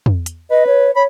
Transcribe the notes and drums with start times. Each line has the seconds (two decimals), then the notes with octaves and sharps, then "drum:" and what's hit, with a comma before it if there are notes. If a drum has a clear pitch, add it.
0.06 drum: tom
0.26 drum: hi-hat
0.51 B4 D#5
0.67 C#5
0.96 C#5 B5